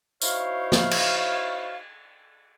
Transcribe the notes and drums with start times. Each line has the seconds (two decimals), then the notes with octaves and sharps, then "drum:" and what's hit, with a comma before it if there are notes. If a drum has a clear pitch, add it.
0.22 D#4 E4 F#4 C5 C#5 F5, drum: tambourine
0.72 drum: snare
0.91 drum: cymbal